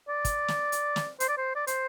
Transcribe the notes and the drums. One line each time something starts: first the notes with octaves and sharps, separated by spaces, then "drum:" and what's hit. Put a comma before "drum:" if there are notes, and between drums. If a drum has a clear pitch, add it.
D5
drum: kick, hi-hat
drum: snare
drum: hi-hat
drum: snare
C5, drum: hi-hat
D5
C5
D5
C5, drum: hi-hat